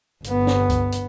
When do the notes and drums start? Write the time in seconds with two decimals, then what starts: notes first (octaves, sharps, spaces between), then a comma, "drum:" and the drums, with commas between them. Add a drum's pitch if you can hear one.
0.24 G1 B3, drum: hi-hat
0.47 drum: snare
0.70 drum: kick C#2, hi-hat
0.92 drum: hi-hat